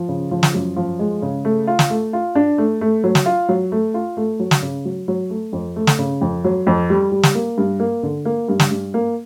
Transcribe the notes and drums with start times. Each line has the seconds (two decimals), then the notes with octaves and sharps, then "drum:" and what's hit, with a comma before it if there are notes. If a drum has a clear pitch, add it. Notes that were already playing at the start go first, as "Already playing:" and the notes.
Already playing: F3
0.09 C#3
0.31 F3
0.43 drum: snare
0.54 F#2
0.76 F3
0.99 G#3
1.22 C#3
1.45 A3
1.67 F4
1.79 drum: snare
1.90 A3
2.13 F4
2.35 D4
2.58 A3
2.81 A3
3.04 F#3
3.15 drum: snare
3.26 F4
3.49 F#3
3.72 A3
3.94 F4
4.17 A3
4.40 F#3
4.51 drum: snare
4.62 C#3
4.85 F#3
5.08 F#3
5.30 A3
5.53 F2
5.76 A3
5.87 drum: snare
5.99 C#3
6.21 F2
6.44 F#3
6.67 F2
6.90 G3
7.12 G3
7.23 drum: snare
7.35 A#3
7.58 G2
7.80 A#3
8.03 D3
8.25 A#3
8.49 G2
8.60 drum: snare
8.71 G2
8.94 A#3